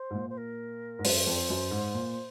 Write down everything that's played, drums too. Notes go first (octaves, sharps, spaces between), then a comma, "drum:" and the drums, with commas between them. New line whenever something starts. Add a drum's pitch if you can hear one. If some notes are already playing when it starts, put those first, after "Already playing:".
Already playing: C5
G#2
A#2
C5
A#4
G#2
F#2 C5, drum: open hi-hat
F2
F#2
G#2
A#2